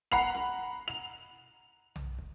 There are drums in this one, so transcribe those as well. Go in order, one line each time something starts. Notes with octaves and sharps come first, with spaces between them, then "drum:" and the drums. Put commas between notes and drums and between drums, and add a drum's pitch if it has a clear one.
F#5 A#5 B5 C7 F7, drum: kick
drum: snare
F7
drum: tom B1
drum: kick